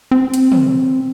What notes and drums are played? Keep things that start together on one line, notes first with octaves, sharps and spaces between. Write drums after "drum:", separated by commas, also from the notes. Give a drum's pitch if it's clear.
C4
drum: hi-hat
drum: tom